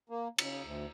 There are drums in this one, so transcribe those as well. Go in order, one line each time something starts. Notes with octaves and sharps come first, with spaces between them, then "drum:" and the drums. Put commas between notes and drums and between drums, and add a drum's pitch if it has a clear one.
A#3
C#3, drum: cymbal
D2